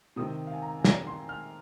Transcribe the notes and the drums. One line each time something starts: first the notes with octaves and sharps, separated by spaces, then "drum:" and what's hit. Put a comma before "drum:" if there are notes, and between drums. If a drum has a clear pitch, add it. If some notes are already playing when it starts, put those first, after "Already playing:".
C3 D#3 C4 D#6
F5
G#5
A#5
G#5
A#5, drum: snare
C6
F6